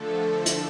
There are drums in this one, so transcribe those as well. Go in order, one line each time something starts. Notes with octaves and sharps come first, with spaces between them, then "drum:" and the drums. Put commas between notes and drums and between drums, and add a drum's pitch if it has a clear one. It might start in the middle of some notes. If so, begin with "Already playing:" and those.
Already playing: D3 F3 A3 A4
drum: hi-hat